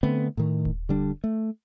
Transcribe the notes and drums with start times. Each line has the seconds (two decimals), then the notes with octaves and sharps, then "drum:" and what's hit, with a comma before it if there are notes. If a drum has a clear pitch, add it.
0.03 D3 A3 B3 C4
0.37 A2 D#3
0.65 drum: kick D#1
0.89 D3 G3 D4
1.24 A3